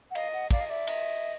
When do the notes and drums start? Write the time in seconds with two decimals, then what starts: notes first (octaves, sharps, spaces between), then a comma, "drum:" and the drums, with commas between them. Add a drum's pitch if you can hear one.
0.11 F#5
0.15 D#5 F5, drum: cymbal
0.33 F#5
0.51 D5 F5, drum: kick, cymbal
0.61 D#5
0.69 D5 E5
0.87 D#5, drum: cymbal